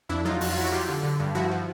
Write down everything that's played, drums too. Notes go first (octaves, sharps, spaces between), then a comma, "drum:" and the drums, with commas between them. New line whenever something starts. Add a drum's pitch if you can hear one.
F2 D4 E4
F#3 D#4 F4
F2 F#4, drum: open hi-hat
F4
F#3 E4 F#4
F#3 F4 G4
D3
D3
G2
F3 E4 F#4
F3